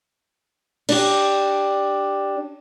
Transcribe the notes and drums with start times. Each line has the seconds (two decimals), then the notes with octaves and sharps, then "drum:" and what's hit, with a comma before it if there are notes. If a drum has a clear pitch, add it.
0.89 D4 G4, drum: cymbal